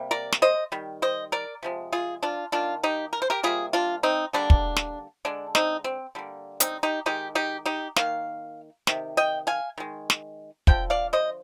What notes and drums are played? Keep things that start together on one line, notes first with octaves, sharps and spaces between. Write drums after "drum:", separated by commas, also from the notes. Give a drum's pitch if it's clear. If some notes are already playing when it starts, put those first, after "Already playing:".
Already playing: C3 G3 A#3
A#4 D5
drum: snare
C5 D#5
D#3 G3
C5 D#5
A#4 D5
C3 F3 G#3
F4 G#4
D4 F4
D#3 A#3 D4 F4
D#4 G4
A#4
C5
G4 A#4
C3 G3 A#3 F4 G#4
D4 F4
C4 D#4
D3 G3 A#3 D4
drum: kick
drum: snare
D3 G#3 D4
C4 D#4, drum: snare
C4
D3 G3 A#3
C4 D#4, drum: hi-hat
D#4 G4
D#3 G#3 D#4 G4
D#4 G4
D#4 G4
D#3 A#3 F5, drum: snare
C3 D#3, drum: snare
D#5 G5
F5 G#5
D#3 G#3
drum: snare
D3 F3 G5, drum: kick
D5 F5
C5 D#5